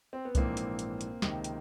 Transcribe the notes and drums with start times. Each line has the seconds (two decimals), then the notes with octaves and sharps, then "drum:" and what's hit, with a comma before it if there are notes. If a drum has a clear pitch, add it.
0.13 C4
0.25 B3
0.35 A#1 G#2 E3 A#3 C4, drum: kick C2, hi-hat
0.57 drum: hi-hat
0.79 drum: hi-hat
1.01 drum: hi-hat
1.22 C#2 C3 D#3, drum: snare
1.44 drum: hi-hat